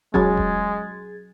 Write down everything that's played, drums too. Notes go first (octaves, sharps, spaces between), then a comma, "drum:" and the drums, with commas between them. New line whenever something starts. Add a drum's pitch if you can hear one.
F#3 G#3 C#4 G#4 G#6 A6, drum: kick E1
drum: kick E1